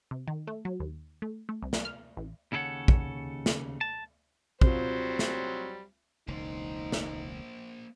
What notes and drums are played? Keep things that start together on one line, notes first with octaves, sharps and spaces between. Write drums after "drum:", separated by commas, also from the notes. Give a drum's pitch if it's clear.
C3
D#3
A3
F#3
D#2
A3
A3
C2
drum: snare
F6
A1
D#2 C#3 E4 A4 C#5 F#5
drum: kick
drum: snare
A5
F#3 G3 C4 F4 C5, drum: kick
drum: snare
E1 C#2 A#3 D#4 C5
drum: snare